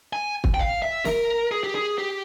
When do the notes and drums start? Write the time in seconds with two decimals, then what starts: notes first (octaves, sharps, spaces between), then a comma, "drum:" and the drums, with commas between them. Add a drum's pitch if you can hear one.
0.13 G#5
0.44 drum: kick
0.54 G5
0.59 F5
0.82 E5
1.05 A#4, drum: snare
1.52 G#4
1.63 G4
1.75 G#4
1.98 G4